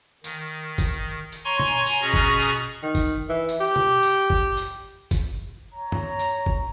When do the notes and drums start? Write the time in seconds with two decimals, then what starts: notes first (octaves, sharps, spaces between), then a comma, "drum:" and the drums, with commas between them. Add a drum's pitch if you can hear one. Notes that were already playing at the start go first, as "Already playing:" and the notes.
0.24 D#3, drum: tambourine
0.78 drum: kick, tambourine
1.32 drum: tambourine
1.45 C#5 G#5 A#5 C6 C#6
1.59 drum: tom
1.86 drum: tambourine
2.01 B2 C#4 G#4 A#5 C#6 A#6
2.14 drum: kick
2.41 drum: tambourine
2.83 D#3
2.95 drum: kick, tambourine
3.29 E3
3.49 drum: tambourine
3.60 G4
3.76 drum: tom
4.03 drum: tambourine
4.30 drum: kick
4.57 drum: tambourine
5.11 drum: kick, tambourine
5.74 C#5 A#5
5.92 drum: tom
6.19 drum: tambourine
6.46 drum: kick